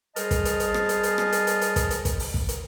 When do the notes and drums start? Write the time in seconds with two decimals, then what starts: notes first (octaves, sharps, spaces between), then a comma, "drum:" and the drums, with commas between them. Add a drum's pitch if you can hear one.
0.16 G3 G#4 C5 D#5 A5 F6, drum: hi-hat
0.31 drum: kick, hi-hat
0.45 drum: hi-hat
0.60 drum: hi-hat
0.74 drum: rim click
0.89 drum: hi-hat
1.03 drum: hi-hat
1.18 drum: rim click
1.32 drum: hi-hat
1.47 drum: hi-hat
1.61 drum: hi-hat
1.76 drum: kick, hi-hat
1.91 drum: hi-hat
2.05 drum: kick, hi-hat
2.20 drum: open hi-hat
2.34 drum: kick
2.49 drum: hi-hat